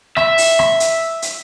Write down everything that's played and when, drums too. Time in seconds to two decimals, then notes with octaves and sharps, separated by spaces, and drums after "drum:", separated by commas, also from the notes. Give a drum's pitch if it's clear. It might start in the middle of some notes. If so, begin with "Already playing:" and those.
0.17 E5, drum: rim click
0.38 drum: open hi-hat
0.59 drum: rim click
0.80 drum: hi-hat
1.22 drum: hi-hat